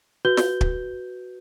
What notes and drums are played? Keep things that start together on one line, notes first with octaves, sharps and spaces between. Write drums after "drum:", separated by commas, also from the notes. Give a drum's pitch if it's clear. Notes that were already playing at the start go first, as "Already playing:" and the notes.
F#4 B4 G6 G7
drum: snare
drum: kick